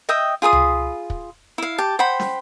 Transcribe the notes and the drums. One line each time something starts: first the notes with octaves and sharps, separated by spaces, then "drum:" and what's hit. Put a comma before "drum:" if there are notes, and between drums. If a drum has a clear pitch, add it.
D#5 E5 G5 D#6
F4 G#4 B5 D#6
drum: tom C#2
drum: kick
E4 F5
G4 A5
C5 F#5 G5 B5
drum: snare